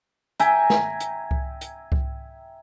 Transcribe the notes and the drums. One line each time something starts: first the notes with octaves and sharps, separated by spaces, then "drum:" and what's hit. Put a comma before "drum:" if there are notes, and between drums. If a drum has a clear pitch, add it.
E5 G5 G#5 A#5, drum: hi-hat
drum: snare
drum: hi-hat
drum: kick C2
drum: hi-hat
drum: kick C2